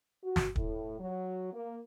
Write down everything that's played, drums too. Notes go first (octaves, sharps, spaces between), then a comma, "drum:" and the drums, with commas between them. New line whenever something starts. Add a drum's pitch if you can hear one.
F#4
drum: snare
A2, drum: kick
F#3
A#3